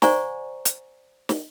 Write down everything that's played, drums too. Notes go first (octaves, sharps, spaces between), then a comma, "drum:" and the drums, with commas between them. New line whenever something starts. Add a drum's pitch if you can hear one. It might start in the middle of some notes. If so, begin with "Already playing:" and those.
C5 D5 F#5 G#5 A#5 C#6, drum: snare
drum: hi-hat
drum: snare